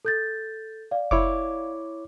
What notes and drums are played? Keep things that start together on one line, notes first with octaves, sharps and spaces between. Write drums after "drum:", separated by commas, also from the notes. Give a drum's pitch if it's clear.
A4 G6 A6
D5 F5
E4 C#5 D6, drum: kick F#1